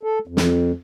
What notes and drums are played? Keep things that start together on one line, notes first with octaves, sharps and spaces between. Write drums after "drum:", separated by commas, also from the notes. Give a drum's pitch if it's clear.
A4
F2
drum: snare